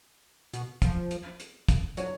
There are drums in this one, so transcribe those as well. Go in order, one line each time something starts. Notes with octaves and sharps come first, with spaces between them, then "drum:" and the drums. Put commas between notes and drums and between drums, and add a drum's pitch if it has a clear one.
B2, drum: hi-hat
F3, drum: kick, hi-hat
drum: hi-hat
drum: hi-hat
drum: kick, hi-hat
F#3 C#5, drum: hi-hat